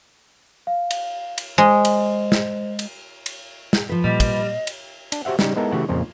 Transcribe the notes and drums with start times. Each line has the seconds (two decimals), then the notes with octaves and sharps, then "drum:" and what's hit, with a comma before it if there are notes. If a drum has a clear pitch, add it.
0.67 F5
0.91 drum: cymbal
1.38 drum: cymbal
1.58 G#3 C5
1.85 drum: cymbal
2.32 drum: snare
2.79 drum: cymbal
3.26 drum: cymbal
3.73 drum: snare
3.89 F3 B4
4.04 A#2 G3 D#5
4.20 drum: kick, cymbal
4.67 drum: cymbal
5.12 D4, drum: cymbal
5.25 F#4 G4 C5 E5 F#5
5.39 C#3 G3 D#4, drum: snare
5.56 G#3 B3 D#4 E4 A4 A#4
5.72 C#3 E3 A3 F#4 G4 F#5
5.89 F2 A#2 C#3 F3